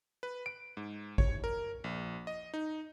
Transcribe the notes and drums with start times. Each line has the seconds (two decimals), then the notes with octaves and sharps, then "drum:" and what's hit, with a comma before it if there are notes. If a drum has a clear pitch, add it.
0.23 B4
0.46 D7
0.77 G#2
1.18 C#5, drum: kick G#1
1.44 A#4
1.84 A#1
2.27 D#5
2.54 D#4